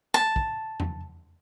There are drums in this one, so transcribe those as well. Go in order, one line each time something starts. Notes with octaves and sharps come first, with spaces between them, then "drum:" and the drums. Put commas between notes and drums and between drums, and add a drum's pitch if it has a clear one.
A5, drum: rim click
drum: kick
drum: tom E2